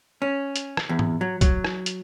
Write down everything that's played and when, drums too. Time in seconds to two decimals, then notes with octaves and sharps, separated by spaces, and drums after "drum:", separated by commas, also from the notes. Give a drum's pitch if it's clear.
0.22 C#4
0.56 drum: hi-hat
0.77 drum: rim click
0.89 E2
0.99 drum: tom G#2
1.21 F#3
1.41 F#3, drum: kick C2, hi-hat
1.64 drum: rim click
1.86 drum: hi-hat